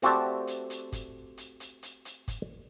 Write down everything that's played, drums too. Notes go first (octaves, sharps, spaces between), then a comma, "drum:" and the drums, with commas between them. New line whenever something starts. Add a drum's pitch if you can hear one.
A3 C4 F#4 G4 D5 A5, drum: hi-hat
drum: hi-hat
drum: hi-hat
drum: kick G1, hi-hat
drum: hi-hat
drum: hi-hat
drum: hi-hat
drum: hi-hat
drum: kick G1, hi-hat